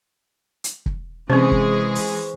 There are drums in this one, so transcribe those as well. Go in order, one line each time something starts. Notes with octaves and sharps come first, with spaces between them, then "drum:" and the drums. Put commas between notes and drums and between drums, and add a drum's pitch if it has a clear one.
drum: hi-hat
drum: kick
C3 E3 G#3 C4 C#4 G#4 C5 C#6
drum: kick
drum: open hi-hat